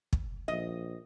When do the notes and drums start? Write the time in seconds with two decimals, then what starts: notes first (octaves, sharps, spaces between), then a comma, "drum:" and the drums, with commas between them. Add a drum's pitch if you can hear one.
0.13 drum: kick
0.48 A#1 D#5